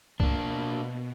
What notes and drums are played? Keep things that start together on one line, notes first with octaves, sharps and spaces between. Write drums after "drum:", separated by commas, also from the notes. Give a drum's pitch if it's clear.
B2 A#3 D4, drum: kick